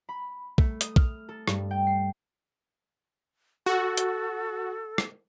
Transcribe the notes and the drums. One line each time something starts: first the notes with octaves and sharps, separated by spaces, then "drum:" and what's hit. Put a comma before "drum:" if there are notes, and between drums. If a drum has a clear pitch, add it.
B5
A3, drum: kick
D#6, drum: hi-hat
F6, drum: kick
A4
G2, drum: rim click
G5
C7
F#4 A4
drum: hi-hat
drum: rim click